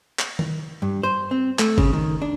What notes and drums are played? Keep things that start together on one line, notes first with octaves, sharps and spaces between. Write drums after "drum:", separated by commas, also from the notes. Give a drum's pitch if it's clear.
drum: clap
drum: tom D#3
G2
C5
C4
A3, drum: clap
C#3, drum: kick G1
D#3
D4